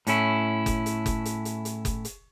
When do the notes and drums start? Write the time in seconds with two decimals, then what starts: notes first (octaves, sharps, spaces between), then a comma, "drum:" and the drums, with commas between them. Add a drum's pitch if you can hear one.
0.07 A2 C#4 E4, drum: hi-hat
0.66 drum: kick F#1, hi-hat
0.86 drum: hi-hat
1.06 drum: kick F#1, hi-hat
1.25 drum: hi-hat
1.45 drum: hi-hat
1.65 drum: hi-hat
1.85 drum: kick F#1, hi-hat
2.05 drum: hi-hat